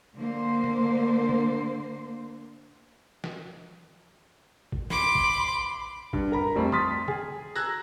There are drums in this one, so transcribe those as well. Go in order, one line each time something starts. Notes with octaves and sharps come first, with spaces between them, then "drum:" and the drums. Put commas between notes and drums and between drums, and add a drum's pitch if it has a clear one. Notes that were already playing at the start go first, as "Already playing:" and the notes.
D3 A#3 C5
drum: tom
drum: tom
drum: snare
drum: kick A1
B5 C6 D6, drum: snare
drum: kick A1
G2, drum: kick A1
A#4 A#5 B5
F2 G3 A3 C4
C6 D#6 F6 A6 B6, drum: tom
G#4, drum: tom
A#5 E6 F#6 G#6 A#6, drum: tambourine